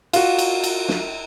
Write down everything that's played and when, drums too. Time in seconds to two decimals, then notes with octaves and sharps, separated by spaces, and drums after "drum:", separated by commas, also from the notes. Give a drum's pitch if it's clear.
0.13 F4 F#4, drum: cymbal
0.38 drum: cymbal
0.64 drum: cymbal
0.89 drum: snare